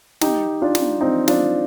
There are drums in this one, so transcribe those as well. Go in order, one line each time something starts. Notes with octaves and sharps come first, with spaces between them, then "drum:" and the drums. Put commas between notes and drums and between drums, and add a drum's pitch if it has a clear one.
D#4 G4, drum: snare
D4 F4
drum: snare
C4 D#4
D4 F4, drum: snare